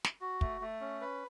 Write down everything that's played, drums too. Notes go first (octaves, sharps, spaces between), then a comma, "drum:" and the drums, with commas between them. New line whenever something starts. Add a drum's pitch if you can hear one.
drum: snare
F#4
A3, drum: kick
A3
C#4
B4